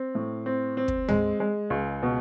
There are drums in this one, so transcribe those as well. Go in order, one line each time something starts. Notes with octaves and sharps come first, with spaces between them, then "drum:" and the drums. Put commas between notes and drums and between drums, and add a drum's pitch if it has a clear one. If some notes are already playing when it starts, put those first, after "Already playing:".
Already playing: C4
A2
C4
C4
drum: kick
G#3, drum: tom
G#3
C#2
B2